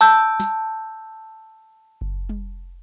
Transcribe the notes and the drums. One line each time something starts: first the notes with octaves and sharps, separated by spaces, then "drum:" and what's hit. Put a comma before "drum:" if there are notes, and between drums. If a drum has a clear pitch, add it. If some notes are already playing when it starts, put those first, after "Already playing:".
A5 E6 G6
drum: snare
drum: kick F#1
drum: tom G3